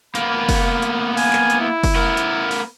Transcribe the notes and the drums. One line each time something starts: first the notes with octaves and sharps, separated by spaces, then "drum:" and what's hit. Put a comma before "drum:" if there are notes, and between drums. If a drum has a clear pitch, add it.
A#3 B3 B5, drum: hi-hat
drum: kick, open hi-hat
drum: hi-hat
G#5, drum: open hi-hat
drum: clap
drum: hi-hat
E4
drum: kick, open hi-hat
B3 A#4
drum: hi-hat
drum: open hi-hat